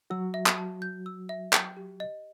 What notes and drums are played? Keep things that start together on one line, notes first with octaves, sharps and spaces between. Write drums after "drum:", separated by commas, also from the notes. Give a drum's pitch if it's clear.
F#3 F#4 E6
E5
drum: clap
A5
G6
E6
E5
G5, drum: clap
G4
D#5